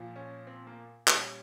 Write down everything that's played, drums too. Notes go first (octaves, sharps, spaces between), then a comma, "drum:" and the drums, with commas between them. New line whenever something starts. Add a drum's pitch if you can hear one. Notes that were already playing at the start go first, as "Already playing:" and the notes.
Already playing: A#2 F3
C#4
C4
A#3
A#2 G3 C#4, drum: clap